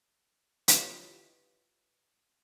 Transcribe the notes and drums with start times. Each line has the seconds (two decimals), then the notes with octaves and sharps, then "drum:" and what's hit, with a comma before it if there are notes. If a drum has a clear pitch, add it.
0.68 E4 F4 G4 B4 C#5 D#5, drum: hi-hat